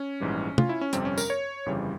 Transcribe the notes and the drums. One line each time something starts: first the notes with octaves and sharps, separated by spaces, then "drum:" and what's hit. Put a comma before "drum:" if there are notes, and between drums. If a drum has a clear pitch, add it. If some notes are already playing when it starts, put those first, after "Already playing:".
Already playing: C#4
A#1 G#2 E3 G3
F4, drum: tom
E4
C#4
G1 F2 C3 G3 C4, drum: hi-hat
C#4
A#4, drum: tambourine
C#5
G1 F2 C#3 E3 G3